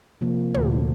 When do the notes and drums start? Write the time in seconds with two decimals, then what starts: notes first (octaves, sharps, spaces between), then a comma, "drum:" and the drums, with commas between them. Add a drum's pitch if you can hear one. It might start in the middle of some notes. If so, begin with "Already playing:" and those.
0.21 C3 F3 A#3
0.54 D2 A#2, drum: tom